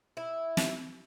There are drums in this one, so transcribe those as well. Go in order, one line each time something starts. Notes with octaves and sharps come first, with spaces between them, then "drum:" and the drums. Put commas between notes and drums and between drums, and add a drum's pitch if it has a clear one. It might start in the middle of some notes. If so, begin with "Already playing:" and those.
E4
drum: snare